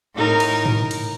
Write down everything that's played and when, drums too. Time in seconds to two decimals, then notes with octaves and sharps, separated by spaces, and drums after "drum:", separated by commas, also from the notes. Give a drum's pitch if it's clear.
0.15 A2 D#4 A#4
0.40 drum: cymbal
0.65 drum: tom G#2
0.91 drum: cymbal